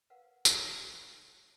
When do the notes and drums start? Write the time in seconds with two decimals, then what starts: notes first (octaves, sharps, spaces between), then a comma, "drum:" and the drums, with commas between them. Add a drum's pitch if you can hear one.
0.10 A#4 B4 F5 F#5
0.45 drum: tambourine